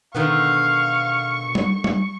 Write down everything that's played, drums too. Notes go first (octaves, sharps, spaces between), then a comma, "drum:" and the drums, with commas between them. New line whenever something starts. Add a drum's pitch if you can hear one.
B2 D3 D#3 B3 F5 C#6
drum: tom G3
drum: tom G3